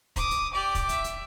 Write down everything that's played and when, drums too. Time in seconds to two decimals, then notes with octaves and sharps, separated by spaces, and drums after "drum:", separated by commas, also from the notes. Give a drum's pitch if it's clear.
0.16 D6 D#6, drum: kick, hi-hat
0.31 drum: hi-hat
0.54 G4 D5 D6
0.75 drum: kick, hi-hat
0.89 E5, drum: hi-hat
1.04 drum: hi-hat